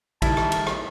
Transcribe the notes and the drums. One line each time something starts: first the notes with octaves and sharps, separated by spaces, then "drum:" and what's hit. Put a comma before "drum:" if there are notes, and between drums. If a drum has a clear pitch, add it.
D#3 G3 E4 A5, drum: kick A#1, cymbal
drum: rim click
drum: cymbal
drum: rim click